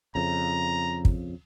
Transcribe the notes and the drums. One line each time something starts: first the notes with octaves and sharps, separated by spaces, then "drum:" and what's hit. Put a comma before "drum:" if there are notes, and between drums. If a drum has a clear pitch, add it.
F2 C#3 A#5
drum: kick